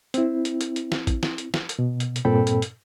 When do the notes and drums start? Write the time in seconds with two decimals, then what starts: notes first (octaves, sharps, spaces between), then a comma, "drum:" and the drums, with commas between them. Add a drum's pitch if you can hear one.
0.14 C4 E4, drum: hi-hat
0.45 drum: hi-hat
0.61 drum: hi-hat
0.76 drum: hi-hat
0.92 drum: snare
1.07 drum: kick A1, hi-hat
1.23 drum: snare
1.38 drum: hi-hat
1.54 drum: snare
1.69 drum: hi-hat
1.79 B2
2.00 drum: hi-hat
2.16 drum: hi-hat
2.25 G2 A#2 C4 A4 G5 B5
2.47 drum: hi-hat
2.62 drum: hi-hat